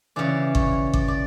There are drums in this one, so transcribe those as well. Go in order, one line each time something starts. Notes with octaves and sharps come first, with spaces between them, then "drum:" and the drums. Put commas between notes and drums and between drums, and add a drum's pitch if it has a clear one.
C#3 E3 D5
C#5, drum: kick G1
D5, drum: kick G1
D5